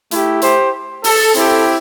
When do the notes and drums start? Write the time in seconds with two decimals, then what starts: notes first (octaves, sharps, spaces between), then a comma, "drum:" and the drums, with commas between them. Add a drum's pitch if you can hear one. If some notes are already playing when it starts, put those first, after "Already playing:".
0.11 A3 E4 G4, drum: hi-hat
0.42 G4 C5, drum: hi-hat
1.04 A4, drum: open hi-hat
1.35 C4 E4 G4 A4, drum: hi-hat